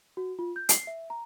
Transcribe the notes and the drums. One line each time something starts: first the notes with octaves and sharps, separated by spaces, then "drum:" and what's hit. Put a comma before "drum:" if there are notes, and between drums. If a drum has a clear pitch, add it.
F#4
F4
G6
C7, drum: hi-hat
E5
A#5